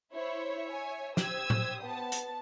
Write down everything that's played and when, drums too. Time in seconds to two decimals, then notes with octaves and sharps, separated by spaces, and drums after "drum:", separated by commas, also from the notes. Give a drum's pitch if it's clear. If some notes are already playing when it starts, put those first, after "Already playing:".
0.14 E4 C5 C#5 E5
0.70 G#5
1.17 G4 C5 D#6 E6 G#6, drum: snare
1.50 drum: tom A2
1.84 B3 A5
2.12 drum: hi-hat